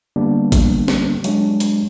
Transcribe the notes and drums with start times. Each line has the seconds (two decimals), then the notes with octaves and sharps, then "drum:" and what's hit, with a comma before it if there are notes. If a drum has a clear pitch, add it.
0.16 D3 G3 A#3 B3 D4
0.52 drum: kick, hi-hat
0.88 drum: snare
1.24 F#3 G#3 D4, drum: hi-hat
1.60 drum: hi-hat